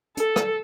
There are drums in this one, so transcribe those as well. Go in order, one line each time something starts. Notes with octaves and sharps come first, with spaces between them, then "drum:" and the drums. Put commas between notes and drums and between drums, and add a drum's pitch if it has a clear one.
A4, drum: hi-hat
drum: rim click